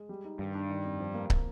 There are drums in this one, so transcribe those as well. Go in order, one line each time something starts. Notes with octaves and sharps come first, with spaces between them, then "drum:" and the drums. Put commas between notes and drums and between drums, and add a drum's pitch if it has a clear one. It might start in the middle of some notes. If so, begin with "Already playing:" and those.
Already playing: G#3
G3
D#4
G2 D#3
D4
D#3
F2
F3
A#3
drum: kick